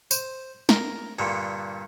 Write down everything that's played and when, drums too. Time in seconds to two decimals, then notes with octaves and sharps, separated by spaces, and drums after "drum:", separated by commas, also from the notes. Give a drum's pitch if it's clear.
0.11 C5, drum: tambourine
0.69 A#4, drum: snare
1.19 G2 A#2 D3